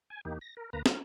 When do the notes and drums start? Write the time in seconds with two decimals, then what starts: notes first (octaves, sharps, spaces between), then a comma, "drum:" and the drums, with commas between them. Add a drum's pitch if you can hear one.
0.10 G#5
0.25 E2 A#3 D#4 G4
0.41 A#6
0.57 A#4
0.73 D2 A#3 B4 A#5
0.86 F4, drum: snare